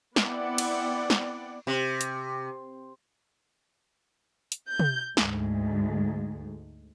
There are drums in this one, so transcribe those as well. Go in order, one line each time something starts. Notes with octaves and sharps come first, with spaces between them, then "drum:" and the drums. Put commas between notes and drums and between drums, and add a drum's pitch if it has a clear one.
B3 C4 E4 D5 F#5 G5, drum: snare
drum: cymbal
drum: snare
C3
drum: hi-hat
drum: hi-hat
G6
drum: tom
D2 G#2, drum: snare